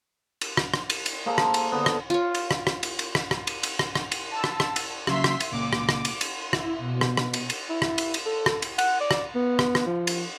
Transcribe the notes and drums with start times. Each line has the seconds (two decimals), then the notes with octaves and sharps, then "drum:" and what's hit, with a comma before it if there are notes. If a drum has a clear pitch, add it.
0.41 drum: cymbal
0.57 drum: rim click
0.74 drum: rim click
0.90 drum: cymbal
1.06 drum: cymbal
1.26 A#3 G#4 A4 C5
1.38 drum: rim click
1.54 drum: cymbal
1.72 D3 B3
1.86 drum: rim click
2.10 F4 C#5
2.35 drum: cymbal
2.51 drum: rim click
2.67 drum: rim click
2.83 drum: cymbal
2.99 drum: cymbal
3.15 drum: rim click
3.31 drum: rim click
3.47 drum: cymbal
3.63 drum: cymbal
3.79 drum: rim click
3.95 drum: rim click
4.12 drum: cymbal
4.31 A5 E6
4.44 drum: rim click
4.60 drum: rim click
4.76 drum: cymbal
5.07 C#3 F#3 E5 C6 B6, drum: rim click
5.24 drum: rim click
5.40 drum: cymbal
5.52 C#2 A#2 D6
5.73 drum: rim click
5.89 drum: rim click
6.05 drum: cymbal
6.21 drum: cymbal
6.42 E4
6.53 drum: rim click
6.78 B2
7.01 drum: rim click
7.17 drum: rim click
7.34 drum: cymbal
7.50 drum: cymbal
7.69 E4
7.82 drum: rim click
7.98 drum: cymbal
8.14 drum: cymbal
8.26 A4
8.46 drum: rim click
8.62 drum: cymbal
8.78 F#5, drum: cymbal
9.01 D5
9.11 drum: rim click
9.35 B3
9.59 drum: rim click
9.75 drum: rim click
9.86 F3
10.07 drum: cymbal